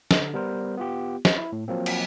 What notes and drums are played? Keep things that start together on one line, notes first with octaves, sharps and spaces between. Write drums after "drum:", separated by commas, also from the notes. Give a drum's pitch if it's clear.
D3, drum: snare
G3 B3 A#4 C5
B3 F4 G4
drum: snare
E4
A2
F3 F#3 A#3 C4
drum: cymbal